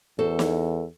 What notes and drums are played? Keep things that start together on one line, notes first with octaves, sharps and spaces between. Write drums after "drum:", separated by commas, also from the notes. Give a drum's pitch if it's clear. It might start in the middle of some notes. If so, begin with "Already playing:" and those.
E2 F#4 A4 C5
drum: snare